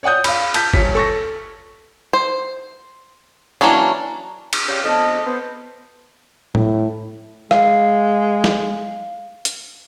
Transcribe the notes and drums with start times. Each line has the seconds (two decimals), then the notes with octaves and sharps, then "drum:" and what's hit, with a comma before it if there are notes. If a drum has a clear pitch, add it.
0.03 C#5 D5 F#5 D#6 G6
0.24 F5 B5, drum: cymbal
0.54 A5 G6 B6, drum: cymbal
0.74 D#1 C#5 B6, drum: kick
0.95 A4 C#6 A#6
2.13 C5
3.61 E3 F#3 A#3 C#4 D4
4.53 drum: cymbal
4.69 C#4 G4 D5 F5 G5
4.84 F2 A3 B3 D4 A4 D#5
5.27 B3 C5
6.55 A2, drum: tom A2
7.51 G#3 F5, drum: rim click
8.44 drum: snare
9.45 drum: hi-hat